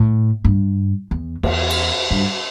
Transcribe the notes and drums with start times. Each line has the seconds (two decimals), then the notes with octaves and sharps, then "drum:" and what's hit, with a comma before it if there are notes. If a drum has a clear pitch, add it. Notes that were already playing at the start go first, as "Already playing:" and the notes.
Already playing: A2
0.45 G2
1.11 E2
1.43 E2, drum: cymbal
1.70 drum: cymbal
2.11 G2